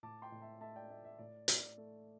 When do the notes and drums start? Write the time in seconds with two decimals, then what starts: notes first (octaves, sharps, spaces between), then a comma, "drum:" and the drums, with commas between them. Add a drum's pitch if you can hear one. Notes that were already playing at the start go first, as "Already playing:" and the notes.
0.03 A2 A5 D6
0.22 G5 C6
0.32 A2
0.41 E5 A5
0.60 A3 E5 A5
0.76 D5 G5
0.90 A3 E5
1.05 E5
1.19 A2 D5
1.48 A2, drum: hi-hat
1.58 D5
1.78 A3